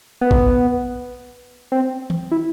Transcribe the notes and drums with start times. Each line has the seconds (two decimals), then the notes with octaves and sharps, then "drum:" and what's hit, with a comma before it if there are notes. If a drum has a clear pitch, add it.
0.21 B3
0.31 drum: kick A1
1.72 C4
2.10 drum: tom D#3
2.31 E4